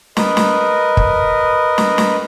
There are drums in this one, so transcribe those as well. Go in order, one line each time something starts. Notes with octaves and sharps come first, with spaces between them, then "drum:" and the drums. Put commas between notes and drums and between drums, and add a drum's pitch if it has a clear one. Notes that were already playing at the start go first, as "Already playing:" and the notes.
A#4 B4 D#5, drum: snare
drum: snare
drum: kick
drum: snare
drum: snare